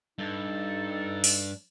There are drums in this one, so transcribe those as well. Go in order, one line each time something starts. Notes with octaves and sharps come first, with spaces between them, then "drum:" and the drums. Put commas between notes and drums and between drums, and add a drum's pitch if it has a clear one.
G2 D#4 A4
drum: open hi-hat